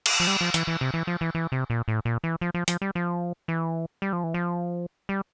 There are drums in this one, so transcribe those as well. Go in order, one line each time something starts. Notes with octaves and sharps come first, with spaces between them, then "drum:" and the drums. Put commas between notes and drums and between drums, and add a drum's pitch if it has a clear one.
drum: cymbal
F3
G3
F3
E3, drum: hi-hat
E3
C3
E3
F3
E3
E3
C3
A#2
A2
A#2
E3
F3
F3
F3, drum: hi-hat
G3
F3
E3
G3
F3
E3
F3
G3